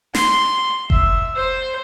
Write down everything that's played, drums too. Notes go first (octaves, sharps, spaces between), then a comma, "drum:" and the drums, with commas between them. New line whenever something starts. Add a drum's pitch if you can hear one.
C6, drum: snare
E5, drum: kick F#1
C5